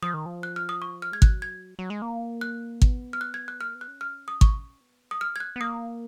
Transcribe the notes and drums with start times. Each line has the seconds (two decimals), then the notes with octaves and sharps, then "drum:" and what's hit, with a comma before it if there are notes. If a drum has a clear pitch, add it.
0.02 F3 D#6
0.14 D#3
0.26 F3
0.43 F#6
0.56 F6
0.69 D#6
0.82 C#6
1.02 F6
1.12 G#3 G#6
1.22 F#3 F#6, drum: kick
1.42 G#6
1.79 F#3
1.90 G#3
2.02 A#3
2.41 F#6
2.82 B3, drum: kick
3.13 F6
3.21 F#6
3.34 G#6
3.48 F#6
3.61 A#3 F6
3.75 B3
3.81 F#6
3.88 C#4
4.01 F6
4.28 D#6
4.41 C#6, drum: kick
4.81 B3
5.11 D#6
5.21 F6
5.36 G#6
5.40 F#6
5.56 B3
5.60 A#3 D#6